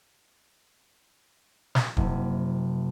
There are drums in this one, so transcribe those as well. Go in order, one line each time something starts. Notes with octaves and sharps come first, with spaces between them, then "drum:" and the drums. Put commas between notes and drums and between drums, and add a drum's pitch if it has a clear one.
drum: snare
F#1 C3, drum: kick